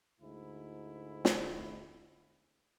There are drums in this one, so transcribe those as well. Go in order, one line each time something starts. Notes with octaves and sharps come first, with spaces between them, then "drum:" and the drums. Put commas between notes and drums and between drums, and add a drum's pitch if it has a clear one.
D2 G#2 E4
drum: snare